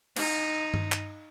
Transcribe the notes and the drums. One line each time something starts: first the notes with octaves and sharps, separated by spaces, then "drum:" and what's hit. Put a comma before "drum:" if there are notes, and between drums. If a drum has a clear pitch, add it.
D#4, drum: cymbal
drum: tom G2
drum: clap